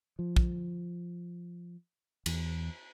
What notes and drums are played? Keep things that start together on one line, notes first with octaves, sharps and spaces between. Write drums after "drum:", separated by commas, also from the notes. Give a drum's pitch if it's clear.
F3
drum: kick
E2, drum: cymbal